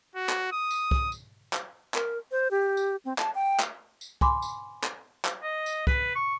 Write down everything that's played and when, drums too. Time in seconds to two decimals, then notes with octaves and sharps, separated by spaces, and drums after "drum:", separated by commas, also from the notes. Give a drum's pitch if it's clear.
0.16 F#4
0.29 drum: clap
0.52 D#6
0.71 drum: tambourine
0.91 drum: kick C2
1.12 drum: tambourine
1.53 drum: clap
1.94 A#4, drum: clap
2.31 C5
2.51 G4
2.77 drum: tambourine
3.05 C4
3.18 A5, drum: clap
3.35 G5
3.60 drum: clap
4.01 drum: tambourine
4.21 G#5 B5 C6 D6, drum: kick C2
4.42 drum: tambourine
4.84 drum: clap
5.25 drum: clap
5.43 D#5
5.66 drum: tambourine
5.87 B4, drum: kick C2
6.15 C#6